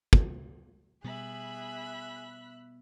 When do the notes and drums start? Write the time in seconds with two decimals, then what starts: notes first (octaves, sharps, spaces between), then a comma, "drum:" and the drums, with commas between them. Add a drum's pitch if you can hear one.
0.13 drum: kick
1.04 B2 G3 B3 G#4 E5 B5 F#6